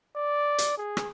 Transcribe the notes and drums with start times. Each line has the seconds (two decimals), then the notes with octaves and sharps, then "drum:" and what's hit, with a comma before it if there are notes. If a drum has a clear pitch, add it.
0.17 D5
0.58 drum: hi-hat
0.78 G#4
0.97 drum: rim click